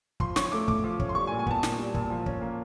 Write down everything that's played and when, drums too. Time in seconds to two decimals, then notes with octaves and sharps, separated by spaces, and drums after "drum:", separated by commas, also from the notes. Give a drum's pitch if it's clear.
0.20 F3 C6, drum: kick
0.36 C#4 C#6, drum: snare
0.52 A3 D6
0.68 A2 D6, drum: kick
0.84 F3
1.00 C#4, drum: kick
1.09 C6
1.15 G3 C#6
1.27 G#5
1.31 A#2
1.39 G#5
1.47 B3 A5, drum: kick
1.63 A#2, drum: snare
1.78 G3
1.95 A#2, drum: kick
2.10 F3
2.26 C#4, drum: kick
2.42 A#3